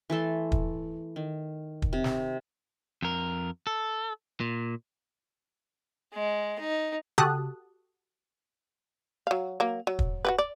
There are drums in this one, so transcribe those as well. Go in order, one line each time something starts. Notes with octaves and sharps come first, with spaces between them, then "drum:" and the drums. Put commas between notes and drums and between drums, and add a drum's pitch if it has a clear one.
E3 A3 A4 C6
drum: kick
D#3
drum: kick
C3
drum: snare
F2 A#4
A4
A#2
G#3
D#4
F#4 G4 A4 A5 D#6 F#6, drum: tom C#3
F#3 F5
F#3 A#3
F#3
drum: kick
F#4 G4 B4
D5